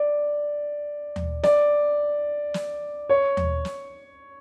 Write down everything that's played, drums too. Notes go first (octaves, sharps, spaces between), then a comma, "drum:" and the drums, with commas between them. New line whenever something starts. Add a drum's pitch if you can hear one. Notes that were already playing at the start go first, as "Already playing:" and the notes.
Already playing: D5
drum: tom D#2
D5, drum: snare
drum: snare
C#5
drum: tom D#2
drum: snare